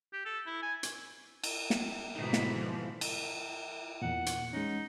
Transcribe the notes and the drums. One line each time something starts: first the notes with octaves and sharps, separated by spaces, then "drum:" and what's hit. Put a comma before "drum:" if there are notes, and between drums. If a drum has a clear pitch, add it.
G4
A4
E4
G#5
drum: hi-hat
drum: cymbal
drum: snare
G#2 B2 D3 E3 D#4
drum: snare
F3
drum: cymbal
E2 A#2 F#5
drum: hi-hat
G#3 C#4 D#4